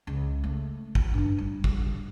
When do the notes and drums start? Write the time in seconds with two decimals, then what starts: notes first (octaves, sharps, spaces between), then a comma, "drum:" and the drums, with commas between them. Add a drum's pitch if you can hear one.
0.07 C#2
0.44 A3
0.95 drum: kick
1.14 G2 D4
1.38 G3
1.64 drum: kick